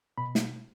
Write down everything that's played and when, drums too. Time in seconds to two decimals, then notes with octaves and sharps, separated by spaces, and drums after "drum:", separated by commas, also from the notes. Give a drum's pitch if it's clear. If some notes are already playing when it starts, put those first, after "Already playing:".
0.18 B2 B5
0.35 drum: snare